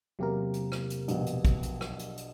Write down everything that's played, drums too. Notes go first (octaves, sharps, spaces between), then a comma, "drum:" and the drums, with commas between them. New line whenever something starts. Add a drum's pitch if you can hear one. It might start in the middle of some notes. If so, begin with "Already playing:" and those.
E2 C3 F#3 A#3 G4 A#4
drum: hi-hat
drum: rim click
drum: hi-hat
A#1 B2, drum: hi-hat
drum: hi-hat
drum: kick, hi-hat
drum: hi-hat
drum: rim click
drum: hi-hat
drum: hi-hat